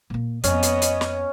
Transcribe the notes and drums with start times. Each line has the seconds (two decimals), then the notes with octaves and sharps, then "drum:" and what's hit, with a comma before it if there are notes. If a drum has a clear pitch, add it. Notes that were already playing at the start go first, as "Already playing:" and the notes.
0.10 A#2 A#3
0.44 F2 B3 C#4 D#5, drum: hi-hat
0.63 drum: hi-hat
0.82 drum: hi-hat
1.01 drum: snare